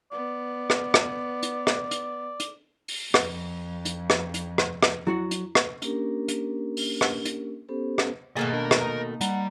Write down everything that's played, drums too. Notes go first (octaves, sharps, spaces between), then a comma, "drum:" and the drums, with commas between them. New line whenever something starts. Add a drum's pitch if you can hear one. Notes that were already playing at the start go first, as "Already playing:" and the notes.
B3 D5
drum: rim click
drum: rim click
drum: hi-hat
drum: rim click
drum: hi-hat
drum: hi-hat
drum: open hi-hat
F2, drum: rim click
drum: hi-hat
drum: rim click
drum: hi-hat
drum: rim click
drum: rim click
F#3 E4 F#4 F#5
drum: hi-hat
drum: rim click
A#3 C#4 D4 G4 A#4, drum: hi-hat
drum: hi-hat
drum: open hi-hat
drum: rim click
drum: hi-hat
B3 C#4 G4 A4 C5
drum: rim click
B2 D#3 A3 A#3 G#4 A#4 G#5
D4 A#4
drum: rim click
D#4 D#5 A#5
G3 F#5 A#5, drum: hi-hat